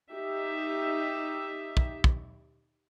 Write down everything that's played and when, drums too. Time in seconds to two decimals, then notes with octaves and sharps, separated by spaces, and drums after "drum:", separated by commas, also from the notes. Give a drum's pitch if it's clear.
0.12 D#4 G4 E5
1.77 drum: kick
2.04 drum: kick